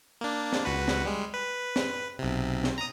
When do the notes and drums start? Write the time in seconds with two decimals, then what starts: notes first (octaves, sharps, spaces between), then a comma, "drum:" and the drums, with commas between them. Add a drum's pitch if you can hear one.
0.21 A#3 D4
0.53 drum: snare
0.65 C#2 F#4 B4
0.88 drum: snare
1.05 G3 G#3
1.34 B4
1.76 drum: snare
2.19 B1 C3
2.64 drum: snare
2.78 A#5 D#6